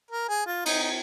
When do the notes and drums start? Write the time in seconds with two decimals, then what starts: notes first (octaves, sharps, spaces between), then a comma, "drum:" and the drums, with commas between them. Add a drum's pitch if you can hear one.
0.11 A#4
0.29 G#4
0.46 F4
0.66 D#4, drum: cymbal
0.84 D#4